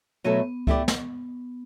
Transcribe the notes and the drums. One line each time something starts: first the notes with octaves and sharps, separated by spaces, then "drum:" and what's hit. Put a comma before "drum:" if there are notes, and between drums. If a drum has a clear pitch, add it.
B2 F#3 A3 B3 E4 A4
A3 E4 G4 D5, drum: kick C#2
drum: snare